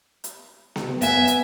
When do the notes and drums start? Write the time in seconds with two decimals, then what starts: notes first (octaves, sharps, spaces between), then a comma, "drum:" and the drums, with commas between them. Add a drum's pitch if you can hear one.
0.24 drum: hi-hat
0.76 drum: snare B3
1.02 B3 E5 G#5, drum: hi-hat
1.27 drum: hi-hat